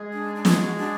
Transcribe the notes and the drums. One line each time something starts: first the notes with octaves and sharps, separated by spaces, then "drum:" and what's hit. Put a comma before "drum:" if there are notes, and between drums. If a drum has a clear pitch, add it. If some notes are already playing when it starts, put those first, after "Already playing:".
Already playing: G#3 G#4
D4
D4
drum: snare
F#4
D4